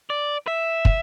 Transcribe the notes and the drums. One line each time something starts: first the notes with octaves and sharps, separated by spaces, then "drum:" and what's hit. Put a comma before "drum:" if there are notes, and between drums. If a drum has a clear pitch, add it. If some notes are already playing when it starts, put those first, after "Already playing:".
D5
E5
drum: kick